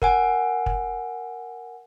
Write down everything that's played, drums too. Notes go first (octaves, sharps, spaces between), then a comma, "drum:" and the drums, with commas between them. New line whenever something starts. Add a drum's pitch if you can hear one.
A#4 F#5 G#5, drum: kick
drum: kick